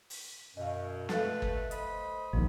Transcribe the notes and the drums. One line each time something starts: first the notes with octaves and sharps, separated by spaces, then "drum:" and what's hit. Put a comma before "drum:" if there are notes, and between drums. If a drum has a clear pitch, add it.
drum: open hi-hat
F#2 B2 D#5 F5
A3 A4 B4 F5, drum: snare
drum: kick
C5 D#5 B5, drum: hi-hat
A#1 D#2 F3